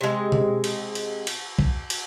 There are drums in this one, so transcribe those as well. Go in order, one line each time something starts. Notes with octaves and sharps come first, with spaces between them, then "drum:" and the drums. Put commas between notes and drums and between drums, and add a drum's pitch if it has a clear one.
C3 G#3
drum: tom B2
drum: cymbal
drum: cymbal
drum: cymbal
drum: kick B1
drum: cymbal